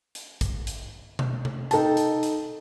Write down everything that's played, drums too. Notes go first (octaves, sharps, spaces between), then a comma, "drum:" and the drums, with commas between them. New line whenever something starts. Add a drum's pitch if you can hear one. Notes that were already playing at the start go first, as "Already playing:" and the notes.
drum: hi-hat
drum: kick, hi-hat
drum: hi-hat
drum: tom B2
drum: tom C3
D#4 A4 G5 A5, drum: hi-hat
drum: hi-hat
drum: hi-hat